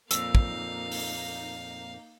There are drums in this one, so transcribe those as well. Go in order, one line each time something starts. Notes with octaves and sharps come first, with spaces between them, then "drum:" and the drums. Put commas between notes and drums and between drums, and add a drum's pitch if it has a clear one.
F2 A#2 A#3 D#4 F5 E6, drum: hi-hat
drum: kick
drum: open hi-hat